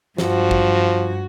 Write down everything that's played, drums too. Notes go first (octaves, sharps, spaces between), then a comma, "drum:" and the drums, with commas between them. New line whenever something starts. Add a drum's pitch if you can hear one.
G2 F3 F#4, drum: snare
drum: kick G#1